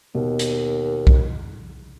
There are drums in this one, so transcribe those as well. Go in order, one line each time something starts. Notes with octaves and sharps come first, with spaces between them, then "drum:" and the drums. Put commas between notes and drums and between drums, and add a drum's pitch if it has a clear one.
D#2 B2
drum: hi-hat
drum: kick B1